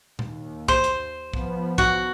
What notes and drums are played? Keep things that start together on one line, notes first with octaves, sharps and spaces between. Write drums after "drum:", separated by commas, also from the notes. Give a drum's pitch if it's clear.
D#2, drum: tom A#2
C5, drum: kick
drum: hi-hat
F3 B3, drum: kick
F#4, drum: kick